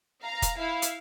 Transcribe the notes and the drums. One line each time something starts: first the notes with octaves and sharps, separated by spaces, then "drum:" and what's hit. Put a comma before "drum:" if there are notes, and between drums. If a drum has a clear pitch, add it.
F5 A#5
drum: kick, hi-hat
E4 F5
drum: hi-hat